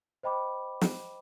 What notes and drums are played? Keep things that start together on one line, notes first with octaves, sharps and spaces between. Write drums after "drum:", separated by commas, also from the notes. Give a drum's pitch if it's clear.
C5 D#5 G5 B5 D6
drum: snare